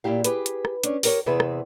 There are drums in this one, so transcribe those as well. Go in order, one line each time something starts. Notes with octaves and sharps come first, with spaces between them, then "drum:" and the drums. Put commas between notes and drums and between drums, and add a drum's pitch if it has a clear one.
A#2 C#3 E4 G4 F5
G4 G#4 B4, drum: hi-hat
drum: hi-hat
drum: rim click
C#4 D4, drum: hi-hat
G4 A#4 C#5, drum: open hi-hat
E2 C3 C4 G#4 B4 E5
drum: rim click